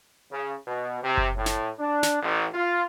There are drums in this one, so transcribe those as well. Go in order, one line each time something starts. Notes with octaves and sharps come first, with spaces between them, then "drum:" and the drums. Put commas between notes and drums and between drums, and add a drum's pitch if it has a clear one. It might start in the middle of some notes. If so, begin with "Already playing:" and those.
C#3
B2
C3
drum: kick F#1
A2
drum: snare
D4
drum: snare
A1
F4